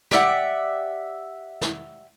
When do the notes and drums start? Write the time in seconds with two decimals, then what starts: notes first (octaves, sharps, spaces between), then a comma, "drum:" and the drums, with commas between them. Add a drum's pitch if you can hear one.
0.11 G4 D5 E5 F#5, drum: snare
1.61 drum: snare